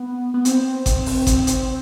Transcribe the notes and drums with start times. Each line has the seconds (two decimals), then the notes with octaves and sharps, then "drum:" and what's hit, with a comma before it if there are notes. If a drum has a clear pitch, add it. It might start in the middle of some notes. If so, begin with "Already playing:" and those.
Already playing: B3
0.34 B3
0.45 C4, drum: hi-hat
0.86 drum: kick G#1, hi-hat
1.06 drum: open hi-hat
1.27 drum: kick G#1, hi-hat
1.47 drum: hi-hat